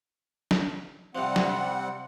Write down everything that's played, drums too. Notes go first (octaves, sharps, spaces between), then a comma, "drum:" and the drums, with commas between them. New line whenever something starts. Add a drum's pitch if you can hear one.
drum: snare
C3 F3 G3 C4 F#5
drum: snare